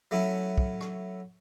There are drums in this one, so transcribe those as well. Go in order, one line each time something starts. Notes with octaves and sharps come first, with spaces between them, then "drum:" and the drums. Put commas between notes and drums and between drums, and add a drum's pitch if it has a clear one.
F#3 A3 C#4 E4
drum: kick
drum: rim click